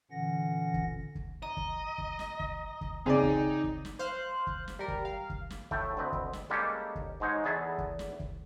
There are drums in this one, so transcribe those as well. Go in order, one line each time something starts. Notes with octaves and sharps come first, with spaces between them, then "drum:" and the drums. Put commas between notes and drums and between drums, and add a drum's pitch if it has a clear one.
A#2 D3 E3 C#4 F#5 A#6
drum: kick
drum: kick
D#5 A#5
drum: kick
drum: kick
drum: snare
drum: kick
drum: kick
C#3 C4 D#4 G#4 D5
drum: kick
drum: kick
drum: snare
C5 F5 F#6
drum: kick
drum: snare
G3 A#4
drum: kick
F5
drum: kick
drum: snare
A2 A3 G5, drum: kick
D2 C4 B4 D#5
drum: kick
drum: snare
G3 G#3 A#3 C#4 G4 A4
drum: kick
G#2 G#3 D#4 C#5
E2 B3 G#4 A4 E5 A#5
drum: kick
drum: snare
drum: kick